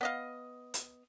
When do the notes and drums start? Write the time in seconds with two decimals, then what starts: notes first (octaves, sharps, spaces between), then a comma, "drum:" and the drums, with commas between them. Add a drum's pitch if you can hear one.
0.01 B3 D#5 F5
0.74 drum: hi-hat